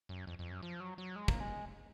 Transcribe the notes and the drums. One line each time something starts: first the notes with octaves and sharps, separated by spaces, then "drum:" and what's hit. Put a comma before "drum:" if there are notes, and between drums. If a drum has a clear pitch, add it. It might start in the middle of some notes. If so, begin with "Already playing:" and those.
F#2
F2
F2
F#2
F3
F#3
F#3
G#3
A#3, drum: kick
G#3